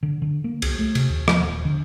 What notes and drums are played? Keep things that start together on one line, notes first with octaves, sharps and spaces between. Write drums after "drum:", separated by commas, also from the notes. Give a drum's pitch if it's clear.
D3
D3
A#3
C2, drum: cymbal
A3
C3, drum: cymbal
D#2
F3, drum: rim click
D#1
D3